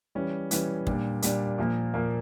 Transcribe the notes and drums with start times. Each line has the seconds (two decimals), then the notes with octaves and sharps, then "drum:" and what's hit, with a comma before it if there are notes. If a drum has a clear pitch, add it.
0.15 E3 G3 C#4
0.51 E3 G3 C#4, drum: hi-hat
0.87 A#2 G3 D4, drum: kick
1.22 A#2 G3 D4, drum: hi-hat
1.58 A#2 F3 A#3
1.94 A#2 F3 A#3